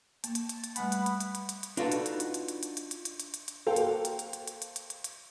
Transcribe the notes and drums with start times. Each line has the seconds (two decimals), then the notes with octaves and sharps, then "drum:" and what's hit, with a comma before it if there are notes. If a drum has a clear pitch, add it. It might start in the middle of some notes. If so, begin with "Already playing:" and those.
0.24 A#3 A5, drum: hi-hat
0.35 drum: hi-hat
0.49 drum: hi-hat
0.64 drum: hi-hat
0.76 G3 A3 B3 F#5 G#5 B5, drum: hi-hat
0.92 drum: hi-hat
1.06 drum: hi-hat
1.20 drum: hi-hat
1.35 drum: hi-hat
1.49 drum: hi-hat
1.63 drum: hi-hat
1.77 D4 D#4 F4 F#4 A4 B4, drum: hi-hat
1.92 drum: hi-hat
2.06 drum: hi-hat
2.20 drum: hi-hat
2.34 drum: hi-hat
2.48 drum: hi-hat
2.63 drum: hi-hat
2.77 drum: hi-hat
2.91 drum: hi-hat
3.05 drum: hi-hat
3.20 drum: hi-hat
3.34 drum: hi-hat
3.48 drum: hi-hat
3.66 A#3 F#4 A4 C5 F5 G5
3.76 drum: hi-hat
4.05 drum: hi-hat
4.19 drum: hi-hat
4.33 drum: hi-hat
4.48 drum: hi-hat
4.62 drum: hi-hat
4.76 drum: hi-hat
4.90 drum: hi-hat
5.04 drum: hi-hat